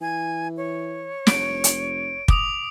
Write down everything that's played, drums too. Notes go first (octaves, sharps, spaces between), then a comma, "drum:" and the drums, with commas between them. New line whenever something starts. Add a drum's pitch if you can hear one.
E3 G#5
C#5
F1 D7, drum: snare
drum: hi-hat
D6 D#6 F7, drum: kick